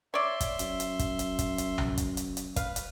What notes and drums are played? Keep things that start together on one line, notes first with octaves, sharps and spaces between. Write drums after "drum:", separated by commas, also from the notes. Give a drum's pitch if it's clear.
C#5 D5 E5 C6
drum: kick, hi-hat
F#2, drum: hi-hat
drum: hi-hat
drum: kick, hi-hat
drum: hi-hat
drum: kick, hi-hat
drum: hi-hat
drum: tom B1
drum: kick, hi-hat
drum: hi-hat
drum: hi-hat
B4 F5, drum: kick, hi-hat
drum: hi-hat